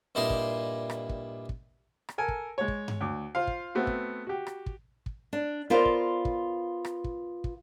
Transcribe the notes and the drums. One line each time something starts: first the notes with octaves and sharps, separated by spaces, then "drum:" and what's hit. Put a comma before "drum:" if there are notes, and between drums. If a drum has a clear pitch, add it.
G2 A#2 E4 G4 D#5 C6
drum: kick
drum: rim click
drum: kick
drum: kick
drum: rim click
A4 A#4 G#5
drum: kick
G#3 C#5
drum: kick
drum: tom G2
D2 D6
F4 C5 F5
drum: kick
A3 B3 C4 F#4
drum: kick
F#4 G4
drum: rim click
drum: kick
drum: kick
D4
B3 F4 A#4 C5 D5 F5
drum: kick
drum: kick
drum: rim click
drum: kick
drum: kick